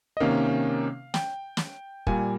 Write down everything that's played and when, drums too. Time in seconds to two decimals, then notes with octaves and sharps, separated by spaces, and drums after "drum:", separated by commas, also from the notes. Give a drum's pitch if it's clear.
0.17 D#5
0.20 C3 D#3 A#3 C#4 F5
1.14 G5, drum: snare
1.57 drum: snare
2.07 A#2 G3 A#3 G#5, drum: kick